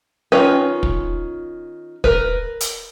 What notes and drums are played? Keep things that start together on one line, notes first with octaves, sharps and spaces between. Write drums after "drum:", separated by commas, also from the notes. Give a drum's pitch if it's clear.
D#3 C#4 F4 B4
drum: kick
A#4 B4, drum: kick
drum: hi-hat